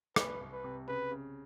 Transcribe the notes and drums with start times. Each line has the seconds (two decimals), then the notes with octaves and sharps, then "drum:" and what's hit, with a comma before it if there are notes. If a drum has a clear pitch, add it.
0.16 C2 B4, drum: rim click
0.41 C2
0.52 B4
0.64 C3
0.88 C#3 B4
1.11 C#3